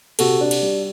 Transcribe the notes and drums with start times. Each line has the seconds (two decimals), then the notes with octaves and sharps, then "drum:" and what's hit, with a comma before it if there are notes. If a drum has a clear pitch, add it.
0.19 C3 F#4 A4, drum: cymbal
0.41 D4
0.51 drum: cymbal
0.62 G3